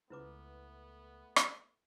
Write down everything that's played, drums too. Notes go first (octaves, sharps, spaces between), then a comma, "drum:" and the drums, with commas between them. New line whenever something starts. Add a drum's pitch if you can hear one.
C#2 A3 B3 E4 B4 D6
drum: rim click